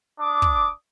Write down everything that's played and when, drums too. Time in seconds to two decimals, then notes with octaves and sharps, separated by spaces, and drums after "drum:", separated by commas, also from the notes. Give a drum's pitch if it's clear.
0.20 D4 D6 D#6
0.42 drum: kick